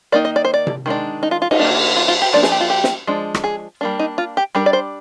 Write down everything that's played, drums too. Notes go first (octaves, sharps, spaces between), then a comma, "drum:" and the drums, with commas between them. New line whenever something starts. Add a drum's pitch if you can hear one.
D#3 A#3 D#4 D5
D#5
D5
C5
D5
drum: tom C3
D#3 G#3 D4
D#4
F4
F4
D#4, drum: cymbal
D#3 A#3 D4
F4
F4
G4
F3 A#3 D4 D5
G#4, drum: snare
G4
F4
G4
drum: snare
F3 G#3 D4
drum: rim click
G#4
G3 A#3 D4
D#4
F4
G4
G3 D4 A#4
D5
C5